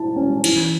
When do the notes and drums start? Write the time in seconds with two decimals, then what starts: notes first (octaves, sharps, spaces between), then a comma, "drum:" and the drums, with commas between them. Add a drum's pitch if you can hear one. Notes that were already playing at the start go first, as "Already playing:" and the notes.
Already playing: E4 A5
0.16 C#4
0.44 E3, drum: cymbal